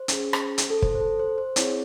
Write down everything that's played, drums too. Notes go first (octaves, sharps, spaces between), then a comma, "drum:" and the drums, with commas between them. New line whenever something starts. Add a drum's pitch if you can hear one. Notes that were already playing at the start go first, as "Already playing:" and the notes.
Already playing: C5
C#4 G#4, drum: hi-hat
drum: rim click
drum: hi-hat
A4
C5, drum: kick
C5
A4
C5
C5
C4 E4 G#4 C#5, drum: hi-hat